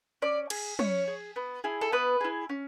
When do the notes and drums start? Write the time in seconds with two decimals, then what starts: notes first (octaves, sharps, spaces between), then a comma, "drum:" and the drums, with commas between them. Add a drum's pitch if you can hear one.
0.22 C#4 D5
0.50 G#4, drum: cymbal
0.79 C#4 C#5, drum: tom
1.08 G#4
1.36 B3
1.64 E4 G#4
1.81 A4
1.92 B3 B4
2.21 E4 G#4
2.49 C#4